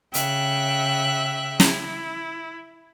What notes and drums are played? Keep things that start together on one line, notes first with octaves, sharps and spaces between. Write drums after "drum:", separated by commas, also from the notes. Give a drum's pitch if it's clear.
C#3 E5 G5 F#6, drum: hi-hat
E4, drum: snare